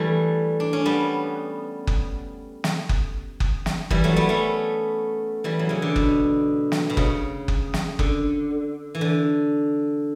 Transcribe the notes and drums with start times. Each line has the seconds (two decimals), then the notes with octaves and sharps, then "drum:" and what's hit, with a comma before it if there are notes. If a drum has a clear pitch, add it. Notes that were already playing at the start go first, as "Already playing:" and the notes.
Already playing: E3 G3 A3
0.60 D4
0.73 C#4
0.85 G3 B3
1.87 drum: kick F#1
2.64 drum: snare
2.89 drum: kick F#1
3.40 drum: kick F#1
3.66 drum: snare
3.90 E3 G3, drum: kick F#1
4.04 F#3 A3
4.16 G3 B3
4.29 A3 C#4
5.44 E3 G3
5.59 F#3
5.69 C#3 E3
5.82 D3
5.96 B2, drum: kick F#1
6.72 drum: snare
6.90 B2
6.97 C#3, drum: kick F#1
7.48 drum: kick F#1
7.74 drum: snare
7.99 D3, drum: kick F#1
8.95 E3
9.01 D3